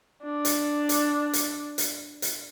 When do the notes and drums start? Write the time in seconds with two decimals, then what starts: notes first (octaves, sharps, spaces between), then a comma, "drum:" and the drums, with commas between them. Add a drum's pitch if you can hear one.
0.23 D4
0.45 drum: hi-hat
0.89 drum: hi-hat
1.33 drum: hi-hat
1.78 drum: hi-hat
2.22 drum: hi-hat